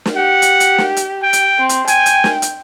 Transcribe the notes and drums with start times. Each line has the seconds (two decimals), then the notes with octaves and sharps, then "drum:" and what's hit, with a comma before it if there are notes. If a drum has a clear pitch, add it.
0.06 drum: snare
0.16 G4 F#5
0.42 drum: hi-hat
0.60 drum: hi-hat
0.78 drum: snare
0.96 drum: hi-hat
1.22 G5
1.33 drum: hi-hat
1.59 C4
1.69 drum: hi-hat
1.87 G5 G#5, drum: hi-hat
2.06 drum: hi-hat
2.24 drum: snare
2.42 drum: hi-hat